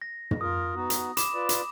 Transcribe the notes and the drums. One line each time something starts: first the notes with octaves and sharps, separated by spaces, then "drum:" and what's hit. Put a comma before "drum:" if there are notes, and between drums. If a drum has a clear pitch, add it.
A#6
drum: tom
F4 A#4 D#6
B3 D#4 F#4
drum: hi-hat
B5 D6 E7, drum: hi-hat
F4 B4 D5
drum: hi-hat